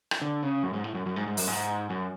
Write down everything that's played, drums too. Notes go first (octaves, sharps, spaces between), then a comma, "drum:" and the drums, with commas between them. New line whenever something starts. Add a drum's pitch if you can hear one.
drum: rim click
D3
C#3
F#2
G#2
A2
F#2
F#2
G#2
G#2
F#2, drum: open hi-hat
G#2
F#2